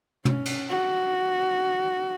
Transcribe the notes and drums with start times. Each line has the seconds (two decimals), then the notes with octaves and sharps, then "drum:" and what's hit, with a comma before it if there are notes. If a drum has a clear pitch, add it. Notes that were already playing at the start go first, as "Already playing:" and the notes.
0.25 C#4, drum: tom
0.45 drum: cymbal
0.70 F#4